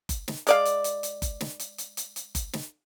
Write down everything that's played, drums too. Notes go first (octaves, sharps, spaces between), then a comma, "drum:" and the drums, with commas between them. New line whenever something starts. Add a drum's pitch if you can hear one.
drum: kick F#1, hi-hat
drum: snare
G#3 D5 F5, drum: hi-hat
drum: hi-hat
drum: hi-hat
drum: hi-hat
drum: kick F#1, hi-hat
drum: snare
drum: hi-hat
drum: hi-hat
drum: hi-hat
drum: hi-hat
drum: kick F#1, hi-hat
drum: snare